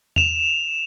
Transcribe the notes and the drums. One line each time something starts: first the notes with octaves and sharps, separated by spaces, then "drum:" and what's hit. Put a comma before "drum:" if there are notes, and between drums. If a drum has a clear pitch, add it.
E7 F7, drum: tom E2